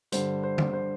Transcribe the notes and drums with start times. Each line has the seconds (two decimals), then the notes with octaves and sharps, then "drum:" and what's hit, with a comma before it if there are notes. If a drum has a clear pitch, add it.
0.12 G2 D3 G3 C5, drum: hi-hat
0.43 C5
0.58 drum: tom
0.73 C5